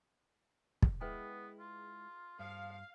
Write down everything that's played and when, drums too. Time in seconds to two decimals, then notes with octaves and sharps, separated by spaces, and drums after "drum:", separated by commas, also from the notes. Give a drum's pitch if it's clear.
0.82 drum: kick
1.01 G#3 B3 E4 G#4 B4 G5
1.59 F4
2.39 G2 F3 F5